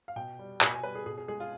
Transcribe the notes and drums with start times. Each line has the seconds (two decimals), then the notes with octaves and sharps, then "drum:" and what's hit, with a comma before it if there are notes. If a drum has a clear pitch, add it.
0.08 F5
0.16 B2 G5
0.39 G3
0.61 B2 G#5, drum: clap
0.73 G#5
0.83 G3 B4
0.95 G#4
1.06 B2 G#4
1.18 G#4
1.28 G#3 G#4
1.40 F4